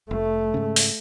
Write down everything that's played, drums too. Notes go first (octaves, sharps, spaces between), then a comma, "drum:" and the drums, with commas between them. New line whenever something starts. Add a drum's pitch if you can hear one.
F1 A3
G#2 C#3
drum: open hi-hat